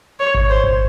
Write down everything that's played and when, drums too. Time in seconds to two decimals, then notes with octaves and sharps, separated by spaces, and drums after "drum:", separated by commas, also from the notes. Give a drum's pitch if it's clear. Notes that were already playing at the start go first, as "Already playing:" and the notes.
0.19 C#5
0.34 drum: kick G#1
0.50 C5
0.64 drum: kick G#1